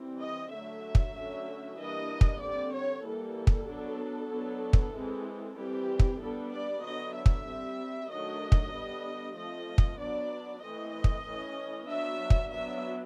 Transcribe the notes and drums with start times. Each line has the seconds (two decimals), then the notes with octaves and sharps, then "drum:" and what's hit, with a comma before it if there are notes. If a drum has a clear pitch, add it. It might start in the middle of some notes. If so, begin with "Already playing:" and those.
Already playing: E3 G3 C4
0.21 D#5
0.53 D3 F#3 A3 E5
0.95 drum: kick
1.16 D3 F#3 A3 C#4
1.79 E3 G3 A#3 D4 D#5
2.21 drum: kick
2.42 D3 G3 C4 D5
2.74 C#5
3.05 E3 G3 A#3 A4
3.47 drum: kick
3.69 F#3 B3 D4
4.31 F#3 B3 D4
4.73 drum: kick
4.95 E3 G#3 C4
5.57 E3 G3 C4 G4
5.99 drum: kick
6.21 G3 B3 D4 A4
6.52 D5
6.84 D3 F#3 B3 D4 D#5
7.15 E5
7.26 drum: kick
7.47 G3 C4
8.10 D#3 F#3 A3 D4 D#5
8.52 drum: kick
8.73 D3 G3 B3 D4
9.36 F3 A3 C4 D#5
9.78 drum: kick
9.99 F#3 B3 D4 D5
10.62 E3 A3 C4 D#5
11.04 drum: kick
11.25 E3 A3 C#4
11.88 F#3 B3 D4 E5
12.30 drum: kick
12.51 F#3 B3 D4 E5